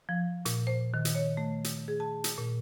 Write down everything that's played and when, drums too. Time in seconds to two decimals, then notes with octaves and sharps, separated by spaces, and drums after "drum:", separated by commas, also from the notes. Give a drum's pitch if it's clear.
0.09 F3
0.45 A#2, drum: hi-hat
0.67 C5
0.94 D#3
1.05 drum: hi-hat
1.15 C#5
1.37 A3
1.64 drum: hi-hat
1.88 G#4
2.00 A5
2.24 drum: hi-hat
2.38 A#2